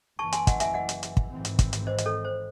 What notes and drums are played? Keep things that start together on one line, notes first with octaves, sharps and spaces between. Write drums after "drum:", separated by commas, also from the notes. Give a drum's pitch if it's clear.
F#1 F#2 E3 A5 C#6
G#5 C6, drum: hi-hat
D#5 F#5, drum: kick, hi-hat
E5 G#5, drum: hi-hat
D#5 F#5
drum: hi-hat
drum: hi-hat
drum: kick
G#1 G#2 E3 C4
drum: hi-hat
drum: kick, hi-hat
drum: hi-hat
C5 D#5
D#5, drum: hi-hat
A4 C#5
C5